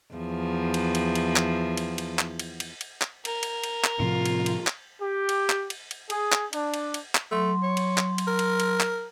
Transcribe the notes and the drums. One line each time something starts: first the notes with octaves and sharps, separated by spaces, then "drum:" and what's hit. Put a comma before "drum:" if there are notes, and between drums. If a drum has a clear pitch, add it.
E2 F3
drum: cymbal
drum: cymbal
drum: cymbal
drum: clap
drum: cymbal
drum: cymbal
drum: clap
drum: cymbal
drum: cymbal
drum: cymbal
drum: clap
A#4, drum: cymbal
drum: cymbal
drum: cymbal
drum: clap
A2 C3 F3 F4
drum: cymbal
drum: cymbal
drum: clap
G4
drum: cymbal
drum: clap
drum: cymbal
drum: cymbal
G#4, drum: cymbal
drum: clap
D4, drum: cymbal
drum: cymbal
drum: cymbal
drum: clap
F#3 A3 C6
C#5
drum: cymbal
drum: clap
drum: cymbal
A#4
drum: cymbal
drum: cymbal
drum: clap